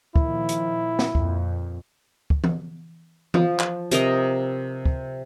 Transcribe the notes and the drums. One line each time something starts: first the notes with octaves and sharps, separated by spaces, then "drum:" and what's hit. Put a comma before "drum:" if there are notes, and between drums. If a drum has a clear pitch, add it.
A#2 D#3 F3 E4, drum: kick
drum: hi-hat
drum: snare
F2 A#2, drum: kick
drum: kick
drum: tom E3
F3, drum: tom E3
drum: clap
C3 A#4 D#5, drum: hi-hat
drum: kick